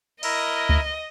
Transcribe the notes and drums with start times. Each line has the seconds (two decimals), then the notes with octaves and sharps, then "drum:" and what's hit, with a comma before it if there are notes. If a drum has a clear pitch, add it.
0.23 E4 A#4 D#5, drum: cymbal
0.69 drum: kick C#2